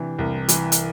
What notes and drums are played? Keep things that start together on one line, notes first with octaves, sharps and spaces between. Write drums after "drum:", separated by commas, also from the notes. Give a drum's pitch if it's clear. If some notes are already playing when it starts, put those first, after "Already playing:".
Already playing: C3 E3 D4
C2
E3, drum: hi-hat
drum: hi-hat